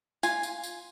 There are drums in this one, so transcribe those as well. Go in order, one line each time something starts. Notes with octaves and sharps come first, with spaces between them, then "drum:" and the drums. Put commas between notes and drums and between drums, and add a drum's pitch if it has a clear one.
F4 G#5, drum: tambourine
drum: tambourine
drum: tambourine